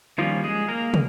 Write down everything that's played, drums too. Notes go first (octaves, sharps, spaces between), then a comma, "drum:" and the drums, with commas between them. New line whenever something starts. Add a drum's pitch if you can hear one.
D#3 F3 G3 A#3 C#4 F4
G#3 G#4
A#3 A#4
drum: tom